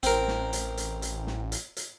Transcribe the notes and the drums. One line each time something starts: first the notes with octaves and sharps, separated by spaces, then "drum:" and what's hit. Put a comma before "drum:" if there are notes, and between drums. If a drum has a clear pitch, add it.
A1 C4 A#4, drum: hi-hat
drum: snare
drum: hi-hat
drum: hi-hat
drum: hi-hat
drum: snare
drum: hi-hat
drum: hi-hat